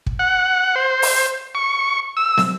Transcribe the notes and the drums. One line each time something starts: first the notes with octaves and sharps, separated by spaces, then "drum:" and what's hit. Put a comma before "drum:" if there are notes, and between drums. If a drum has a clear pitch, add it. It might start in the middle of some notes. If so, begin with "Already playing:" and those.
drum: kick
F#5
C5
drum: open hi-hat
C#6
E6
drum: snare